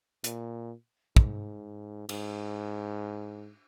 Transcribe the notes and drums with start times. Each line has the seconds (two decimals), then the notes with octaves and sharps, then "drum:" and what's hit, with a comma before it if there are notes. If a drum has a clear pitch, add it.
0.24 A#2, drum: hi-hat
1.16 G#2, drum: kick
2.09 G#2, drum: cymbal